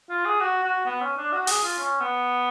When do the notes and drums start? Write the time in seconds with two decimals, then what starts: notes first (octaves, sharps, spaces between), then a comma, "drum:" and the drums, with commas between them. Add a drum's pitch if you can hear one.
0.10 F4
0.25 G#4
0.41 F#4
0.64 F#4
0.86 B3
1.01 C#4
1.17 D4
1.32 F#4
1.47 G#4, drum: open hi-hat
1.63 F4
1.78 C#4
2.00 B3